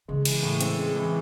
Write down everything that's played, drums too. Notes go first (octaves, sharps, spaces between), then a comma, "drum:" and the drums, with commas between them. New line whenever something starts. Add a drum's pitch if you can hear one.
C#3 G#3
E3, drum: cymbal
A2
C4, drum: hi-hat
G#3
E3